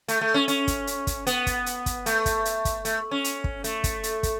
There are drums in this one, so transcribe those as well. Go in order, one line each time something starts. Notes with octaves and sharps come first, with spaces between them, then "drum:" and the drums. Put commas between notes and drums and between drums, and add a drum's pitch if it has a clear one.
A3, drum: hi-hat
A3
C#4
C#4, drum: hi-hat
drum: kick, hi-hat
drum: hi-hat
drum: kick, hi-hat
B3, drum: hi-hat
drum: kick, hi-hat
drum: hi-hat
drum: kick, hi-hat
A3, drum: hi-hat
drum: kick, hi-hat
drum: hi-hat
drum: kick, hi-hat
A3, drum: hi-hat
C#4
drum: hi-hat
drum: kick
A3, drum: hi-hat
drum: kick, hi-hat
drum: hi-hat
drum: kick, hi-hat